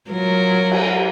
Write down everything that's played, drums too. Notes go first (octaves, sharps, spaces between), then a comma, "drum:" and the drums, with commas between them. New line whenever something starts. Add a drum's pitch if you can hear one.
F#3 F4 A#4
drum: cymbal